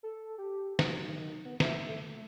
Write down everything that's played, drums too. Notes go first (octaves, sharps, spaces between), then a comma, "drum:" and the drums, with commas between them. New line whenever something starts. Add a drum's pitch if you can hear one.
A4
G4
F#3, drum: snare
D#3
B3
E5, drum: snare
A3